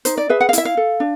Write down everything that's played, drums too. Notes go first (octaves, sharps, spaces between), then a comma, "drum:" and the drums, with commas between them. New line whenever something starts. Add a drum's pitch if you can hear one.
D#4 C5, drum: hi-hat
D5
G#4 B4 E5
F#5
F5
E4 E5, drum: hi-hat
F5
A4
D4